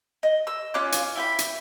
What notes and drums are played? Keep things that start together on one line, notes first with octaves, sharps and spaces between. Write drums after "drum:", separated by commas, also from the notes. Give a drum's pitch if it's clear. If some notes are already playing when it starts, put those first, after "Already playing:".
D#5
E6
C#4 F4 D6 F#6
drum: hi-hat
E4 G5 B5
drum: hi-hat